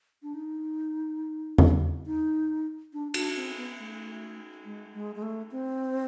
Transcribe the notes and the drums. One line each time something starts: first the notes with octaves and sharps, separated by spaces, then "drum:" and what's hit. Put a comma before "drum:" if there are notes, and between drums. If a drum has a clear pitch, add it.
D4
D#4
drum: tom E2
D#4
D4
D4, drum: cymbal
C4
B3
A3
G#3
G#3
G#3
A3
C4